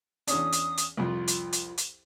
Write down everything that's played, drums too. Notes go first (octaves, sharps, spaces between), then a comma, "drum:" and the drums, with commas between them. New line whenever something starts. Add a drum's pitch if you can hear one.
E2 C#4 D4 D#6, drum: hi-hat
drum: hi-hat
drum: hi-hat
C2 F2 F4
drum: hi-hat
drum: hi-hat
drum: hi-hat